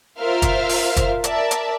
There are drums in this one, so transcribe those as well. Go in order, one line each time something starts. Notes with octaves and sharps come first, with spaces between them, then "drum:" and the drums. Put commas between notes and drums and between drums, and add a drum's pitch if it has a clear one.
F4 A#4 C5 E5 F5 F6
drum: kick, hi-hat
drum: open hi-hat
drum: kick, hi-hat
A#4 D5 E5 A5, drum: hi-hat
drum: hi-hat